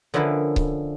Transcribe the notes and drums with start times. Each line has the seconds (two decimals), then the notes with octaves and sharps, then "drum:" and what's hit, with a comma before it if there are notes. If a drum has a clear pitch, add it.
0.14 D3 F3 C#4 E4 A#4 B4
0.56 drum: kick C#1